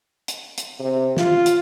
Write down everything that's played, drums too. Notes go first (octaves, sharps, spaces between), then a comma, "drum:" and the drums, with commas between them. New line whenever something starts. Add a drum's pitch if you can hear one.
drum: hi-hat
drum: hi-hat
C3
F4, drum: snare
drum: hi-hat